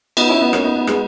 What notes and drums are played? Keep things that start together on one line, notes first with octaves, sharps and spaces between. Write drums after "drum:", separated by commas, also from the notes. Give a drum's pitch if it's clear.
B3 D#4, drum: cymbal
C#4 E4
B3 D#4
A#3 C#4, drum: rim click
B3 D#4
B3 D#4
G#3 B3, drum: rim click